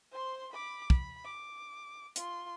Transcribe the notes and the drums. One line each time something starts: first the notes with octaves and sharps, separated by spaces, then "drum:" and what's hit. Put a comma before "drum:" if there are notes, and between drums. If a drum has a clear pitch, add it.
C5 C6
B5 D6
B5, drum: kick
D6
F4 C6, drum: hi-hat